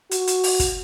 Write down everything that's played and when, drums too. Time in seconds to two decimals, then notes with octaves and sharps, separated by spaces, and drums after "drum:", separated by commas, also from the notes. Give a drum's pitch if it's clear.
0.11 F#4, drum: hi-hat
0.27 drum: hi-hat
0.43 drum: open hi-hat
0.60 drum: kick, hi-hat